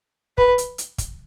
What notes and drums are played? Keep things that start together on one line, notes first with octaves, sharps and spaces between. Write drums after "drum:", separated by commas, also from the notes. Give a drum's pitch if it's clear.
B4, drum: kick
drum: hi-hat
drum: hi-hat
drum: kick, hi-hat